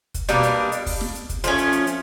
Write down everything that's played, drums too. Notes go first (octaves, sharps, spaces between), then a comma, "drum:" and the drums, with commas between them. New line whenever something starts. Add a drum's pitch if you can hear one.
drum: kick, hi-hat
B2 G3 A#3 D4, drum: hi-hat
drum: hi-hat
drum: hi-hat
drum: kick, open hi-hat
drum: snare
drum: hi-hat
drum: kick, hi-hat
F3 A3 C#4, drum: hi-hat
drum: hi-hat
drum: hi-hat
drum: hi-hat